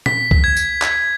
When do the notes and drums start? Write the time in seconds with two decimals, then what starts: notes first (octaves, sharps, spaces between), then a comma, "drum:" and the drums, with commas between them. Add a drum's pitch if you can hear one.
0.06 B6, drum: tom A#2
0.31 drum: kick
0.44 G#6
0.57 drum: tambourine
0.82 drum: clap